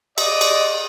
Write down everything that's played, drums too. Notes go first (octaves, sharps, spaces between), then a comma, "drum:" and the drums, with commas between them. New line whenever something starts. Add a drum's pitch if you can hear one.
D5 D#5, drum: cymbal
drum: cymbal